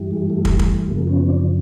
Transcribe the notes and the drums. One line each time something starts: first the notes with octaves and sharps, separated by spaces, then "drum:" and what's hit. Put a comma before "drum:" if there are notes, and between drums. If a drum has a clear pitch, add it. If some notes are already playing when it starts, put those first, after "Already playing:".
Already playing: G2 E3 G3
G#3
A3
drum: kick
A3, drum: kick
F#2 C#3 F3 G#3 A#3
B3 C#4
C4 D4